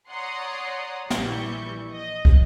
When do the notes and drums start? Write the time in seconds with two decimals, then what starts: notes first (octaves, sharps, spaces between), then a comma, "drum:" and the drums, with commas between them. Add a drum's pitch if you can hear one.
0.11 C#5 D5 F#5 A#5 C6 D#6
1.10 A#1 E3 G3 E4 C#6 G6, drum: snare
1.92 D#5
2.25 drum: kick